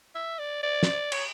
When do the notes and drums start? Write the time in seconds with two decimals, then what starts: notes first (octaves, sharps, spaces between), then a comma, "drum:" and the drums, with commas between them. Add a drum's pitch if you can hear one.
0.15 E5
0.39 D5
0.63 D5
0.83 drum: snare
1.12 C#5, drum: cymbal